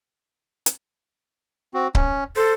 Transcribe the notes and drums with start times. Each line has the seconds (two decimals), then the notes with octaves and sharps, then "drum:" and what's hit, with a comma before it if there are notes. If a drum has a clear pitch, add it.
0.66 drum: hi-hat
1.74 C4 F#4
1.95 C#4, drum: kick C#1
2.36 A4 C5